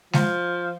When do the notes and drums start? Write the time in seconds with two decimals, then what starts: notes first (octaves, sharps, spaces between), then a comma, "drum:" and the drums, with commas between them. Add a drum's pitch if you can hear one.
0.13 F3, drum: snare G#3